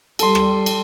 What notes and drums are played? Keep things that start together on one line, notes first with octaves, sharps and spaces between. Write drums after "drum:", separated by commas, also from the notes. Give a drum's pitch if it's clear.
G3 A4 C6, drum: cymbal
drum: rim click
drum: cymbal